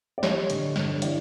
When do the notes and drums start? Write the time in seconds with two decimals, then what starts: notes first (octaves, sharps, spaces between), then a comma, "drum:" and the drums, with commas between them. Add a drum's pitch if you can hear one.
0.18 D5
0.23 G3 C#5 D#5, drum: snare
0.50 D3, drum: hi-hat
0.76 G2, drum: snare
1.02 E3 D5, drum: hi-hat